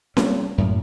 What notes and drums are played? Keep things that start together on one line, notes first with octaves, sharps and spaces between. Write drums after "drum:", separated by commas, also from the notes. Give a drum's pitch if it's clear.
G3 A#3 C4 C#4, drum: snare C#4
F#2 A2 A#3